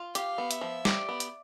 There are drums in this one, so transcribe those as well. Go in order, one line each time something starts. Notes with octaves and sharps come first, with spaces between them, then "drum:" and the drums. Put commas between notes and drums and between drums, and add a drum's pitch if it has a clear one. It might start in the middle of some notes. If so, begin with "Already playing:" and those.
Already playing: F4
G4 F5, drum: hi-hat
B3
E5, drum: hi-hat
F3
G4 D5, drum: snare
B3
drum: hi-hat